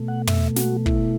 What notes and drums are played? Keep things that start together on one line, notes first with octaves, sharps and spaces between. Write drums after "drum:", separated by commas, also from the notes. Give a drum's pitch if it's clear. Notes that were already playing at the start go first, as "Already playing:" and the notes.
Already playing: B2 A3
F#5
E5, drum: tom
F#4, drum: snare
E4, drum: kick